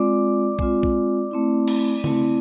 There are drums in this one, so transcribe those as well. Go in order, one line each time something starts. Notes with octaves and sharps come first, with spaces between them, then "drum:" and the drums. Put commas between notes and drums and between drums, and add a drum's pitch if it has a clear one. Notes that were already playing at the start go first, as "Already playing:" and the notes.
Already playing: G#3 C4 F4 D5 D6
G#3 C4 F4, drum: kick A#1
drum: kick A#1
A3 C4 E4
drum: cymbal
A3 C4 E4, drum: tom C#3